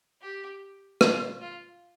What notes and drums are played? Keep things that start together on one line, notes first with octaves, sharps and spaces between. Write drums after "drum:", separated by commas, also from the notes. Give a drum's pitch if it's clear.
G4
F4, drum: rim click
F4